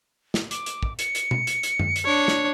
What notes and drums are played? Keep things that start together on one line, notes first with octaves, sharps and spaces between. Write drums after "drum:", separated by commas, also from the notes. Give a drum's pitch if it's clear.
drum: snare
D6, drum: hi-hat
drum: hi-hat
drum: kick
C#7, drum: hi-hat
drum: hi-hat
drum: tom
drum: hi-hat
drum: hi-hat
drum: tom F#2
drum: hi-hat
D4 C#5
drum: snare